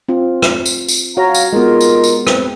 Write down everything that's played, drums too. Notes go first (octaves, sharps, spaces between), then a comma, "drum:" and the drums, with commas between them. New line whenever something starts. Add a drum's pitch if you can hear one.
C4 F4
drum: rim click
drum: tambourine
drum: tambourine
F#3 F#4 C#5 F5 A#5
drum: tambourine
G#3 B3 D#4 F4 A#4
drum: tambourine
drum: tambourine
C4 B4, drum: rim click